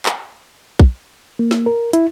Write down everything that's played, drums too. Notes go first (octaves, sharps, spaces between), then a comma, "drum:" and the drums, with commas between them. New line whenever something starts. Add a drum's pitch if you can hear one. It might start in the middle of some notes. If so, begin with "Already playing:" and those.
drum: clap
drum: kick
A#3
drum: snare
A#4
E4, drum: hi-hat